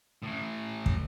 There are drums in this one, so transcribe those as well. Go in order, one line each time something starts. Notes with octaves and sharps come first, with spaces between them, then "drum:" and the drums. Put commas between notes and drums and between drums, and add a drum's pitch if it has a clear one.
A2 E3
drum: kick